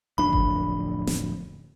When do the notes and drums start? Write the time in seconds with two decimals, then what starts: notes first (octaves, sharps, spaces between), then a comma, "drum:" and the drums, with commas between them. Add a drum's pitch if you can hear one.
0.18 D1 F2 D4 B5
0.33 drum: kick G1
1.07 drum: snare